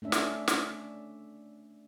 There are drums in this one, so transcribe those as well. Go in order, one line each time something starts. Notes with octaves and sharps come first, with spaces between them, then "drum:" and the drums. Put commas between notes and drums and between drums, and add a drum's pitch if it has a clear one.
A3 C#4 D4 E5
drum: snare
drum: snare